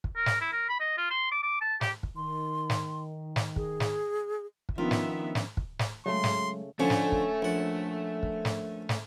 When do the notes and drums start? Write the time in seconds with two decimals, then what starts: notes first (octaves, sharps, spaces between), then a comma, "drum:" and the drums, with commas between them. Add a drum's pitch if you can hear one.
0.04 drum: kick
0.17 A#4
0.26 drum: snare
0.41 E4
0.53 A#4
0.69 B5
0.80 D#5
0.98 F4
1.10 C6
1.32 D6
1.43 D6
1.61 A5
1.81 G4, drum: snare
2.03 drum: kick
2.16 D#3 C6
2.70 drum: snare
3.36 drum: snare
3.56 G#4, drum: kick
3.80 drum: snare
4.69 drum: kick
4.78 D#3 F3 B3 C#4 D4 F4 E5
4.91 drum: snare
5.35 drum: snare
5.57 drum: kick
5.79 drum: snare
6.06 C#3 F#3 G#3 A3 C6
6.24 drum: snare
6.80 D3 F3 A3 C#4
6.90 drum: snare
7.12 drum: kick
7.42 A#1 F#5
8.23 drum: kick
8.45 drum: snare
8.89 drum: snare